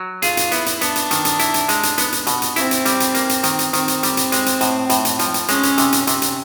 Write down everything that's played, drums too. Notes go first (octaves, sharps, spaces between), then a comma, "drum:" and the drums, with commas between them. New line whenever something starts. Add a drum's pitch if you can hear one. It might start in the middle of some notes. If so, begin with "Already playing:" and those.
Already playing: F#3
F4 G#4, drum: hi-hat
drum: hi-hat
B3 E4, drum: hi-hat
drum: hi-hat
B3 D4, drum: hi-hat
drum: hi-hat
D#3, drum: hi-hat
drum: hi-hat
E4, drum: hi-hat
drum: hi-hat
G#3, drum: hi-hat
drum: hi-hat
B3, drum: hi-hat
drum: hi-hat
B2, drum: hi-hat
drum: hi-hat
C4 E4, drum: hi-hat
drum: hi-hat
G3, drum: hi-hat
drum: hi-hat
A#3, drum: hi-hat
drum: hi-hat
D#3, drum: hi-hat
drum: hi-hat
D#3 C4, drum: hi-hat
drum: hi-hat
G3, drum: hi-hat
drum: hi-hat
G#3, drum: hi-hat
drum: hi-hat
A2, drum: hi-hat
A2, drum: hi-hat
drum: hi-hat
F3, drum: hi-hat
drum: hi-hat
G#3 C#4, drum: hi-hat
drum: hi-hat
C3, drum: hi-hat
drum: hi-hat
C3, drum: hi-hat
drum: hi-hat